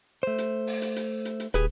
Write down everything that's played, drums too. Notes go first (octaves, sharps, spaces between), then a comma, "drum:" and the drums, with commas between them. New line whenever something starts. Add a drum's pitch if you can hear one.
A3 C5
drum: hi-hat
drum: open hi-hat
drum: hi-hat
drum: hi-hat
drum: hi-hat
drum: hi-hat
D#1 G4 G#4 B4, drum: hi-hat